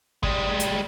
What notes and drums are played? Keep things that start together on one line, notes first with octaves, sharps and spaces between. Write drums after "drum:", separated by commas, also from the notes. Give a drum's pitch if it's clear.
G3 G#3, drum: kick
drum: hi-hat